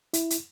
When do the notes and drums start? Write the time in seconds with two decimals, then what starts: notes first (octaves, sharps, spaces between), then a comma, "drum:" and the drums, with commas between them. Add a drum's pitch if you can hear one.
0.13 E4, drum: hi-hat
0.30 drum: hi-hat